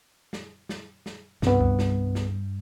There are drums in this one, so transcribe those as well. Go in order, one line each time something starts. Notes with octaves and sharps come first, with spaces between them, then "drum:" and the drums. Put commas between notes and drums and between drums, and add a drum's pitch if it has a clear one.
drum: snare
drum: snare
drum: snare
C2 G2 B3, drum: snare
drum: kick
drum: snare
drum: snare